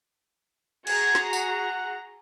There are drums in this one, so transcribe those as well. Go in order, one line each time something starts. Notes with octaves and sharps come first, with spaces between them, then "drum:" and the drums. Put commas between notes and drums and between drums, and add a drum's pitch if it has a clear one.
F#4 G#4 A#5 G#6, drum: cymbal
drum: snare
F#5, drum: tambourine